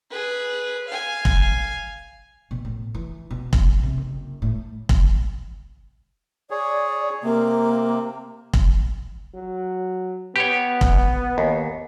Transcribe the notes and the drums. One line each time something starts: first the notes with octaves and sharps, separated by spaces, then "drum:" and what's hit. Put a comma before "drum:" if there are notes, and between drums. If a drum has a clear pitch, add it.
G#4 B4
F5 G#5
drum: kick
B2
A2
E3
B2
drum: kick
C3
F#1
A2
drum: kick
G#4 C#5 D5
C3 A#3
drum: kick
F#3
B3 G4 C#5
drum: kick
D#2